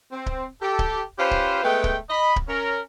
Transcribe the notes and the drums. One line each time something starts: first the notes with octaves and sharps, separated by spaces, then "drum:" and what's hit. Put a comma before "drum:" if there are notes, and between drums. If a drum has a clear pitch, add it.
C4
drum: kick D1
G4 A4
drum: kick D1
C#4 F4 G4 B4 C5
drum: kick D1
G#3 A3 B3 G5
drum: kick D1
D#5 B5
drum: kick D1
C#4 A#4